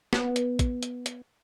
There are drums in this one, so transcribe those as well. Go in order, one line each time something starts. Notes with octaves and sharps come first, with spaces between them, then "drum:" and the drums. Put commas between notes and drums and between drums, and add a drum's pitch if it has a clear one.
B3, drum: snare
drum: hi-hat
drum: kick, hi-hat
drum: hi-hat
drum: hi-hat